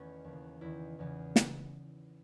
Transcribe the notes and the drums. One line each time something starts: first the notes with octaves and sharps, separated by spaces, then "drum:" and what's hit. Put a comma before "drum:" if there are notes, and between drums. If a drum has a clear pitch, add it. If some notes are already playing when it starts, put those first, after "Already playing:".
Already playing: E2 D#3 A3 B3 C#4
D#2 C#3 E3
E2 D#3 E4
E2 C#3 E3
drum: snare